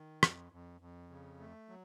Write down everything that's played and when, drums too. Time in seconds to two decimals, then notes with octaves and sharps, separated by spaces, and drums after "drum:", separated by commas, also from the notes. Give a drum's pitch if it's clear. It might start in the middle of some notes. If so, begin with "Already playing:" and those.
Already playing: D#3
0.23 F2, drum: rim click
0.52 F2
0.81 F2
1.10 C#3
1.39 A3
1.69 F#3